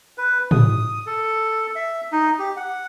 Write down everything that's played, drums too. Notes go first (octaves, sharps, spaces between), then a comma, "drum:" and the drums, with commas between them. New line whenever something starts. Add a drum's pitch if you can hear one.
B4
D#6, drum: tom
A4
E5
D#4
G4
F#5